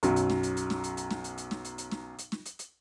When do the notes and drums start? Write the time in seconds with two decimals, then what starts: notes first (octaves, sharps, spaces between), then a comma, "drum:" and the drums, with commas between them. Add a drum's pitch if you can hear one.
0.03 B1 F#2 F#3, drum: hi-hat
0.16 drum: hi-hat
0.30 drum: snare
0.43 drum: hi-hat
0.57 drum: hi-hat
0.70 drum: snare
0.84 drum: hi-hat
0.97 drum: hi-hat
1.11 drum: snare
1.24 drum: hi-hat
1.38 drum: hi-hat
1.51 drum: snare
1.65 drum: hi-hat
1.78 drum: hi-hat
1.91 drum: snare
2.18 drum: hi-hat
2.32 drum: snare
2.45 drum: hi-hat
2.59 drum: hi-hat